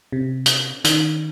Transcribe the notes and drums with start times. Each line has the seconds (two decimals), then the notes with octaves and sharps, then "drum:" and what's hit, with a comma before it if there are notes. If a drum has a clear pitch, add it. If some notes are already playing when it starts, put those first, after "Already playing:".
0.12 C3
0.46 drum: hi-hat
0.84 D#3, drum: hi-hat